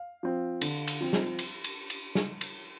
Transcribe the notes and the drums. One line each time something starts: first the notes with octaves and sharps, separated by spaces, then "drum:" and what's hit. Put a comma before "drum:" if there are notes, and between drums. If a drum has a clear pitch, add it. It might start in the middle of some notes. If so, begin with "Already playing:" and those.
Already playing: F5
F3 C4
D3, drum: cymbal
drum: cymbal
F3 C4
drum: snare
drum: cymbal
drum: cymbal
drum: cymbal
drum: snare
drum: cymbal